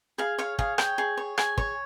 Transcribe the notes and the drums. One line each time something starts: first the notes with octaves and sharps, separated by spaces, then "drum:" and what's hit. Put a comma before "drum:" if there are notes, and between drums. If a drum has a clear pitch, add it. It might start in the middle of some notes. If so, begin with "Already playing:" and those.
G#4 F5
C#5 F5
G#4 F5, drum: kick
C#5 G5, drum: rim click
G#4
C#5
G#4 G#5, drum: rim click
C#5, drum: kick